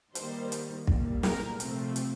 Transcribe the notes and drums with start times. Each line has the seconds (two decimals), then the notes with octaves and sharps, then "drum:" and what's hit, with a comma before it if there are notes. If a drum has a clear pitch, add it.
0.15 D#3 G3 A#3 C5, drum: hi-hat
0.52 drum: hi-hat
0.87 A#2 G3 A#3, drum: kick
1.23 A#4, drum: snare
1.60 C3 F3 A3 C4, drum: hi-hat
1.96 drum: hi-hat